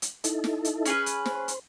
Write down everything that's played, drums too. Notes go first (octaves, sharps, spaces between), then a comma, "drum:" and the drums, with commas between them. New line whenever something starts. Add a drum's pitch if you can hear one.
drum: hi-hat
D#4 E4 A4, drum: hi-hat
drum: snare
drum: hi-hat
C#4 G#4 B4, drum: hi-hat
drum: hi-hat
C5, drum: snare
drum: hi-hat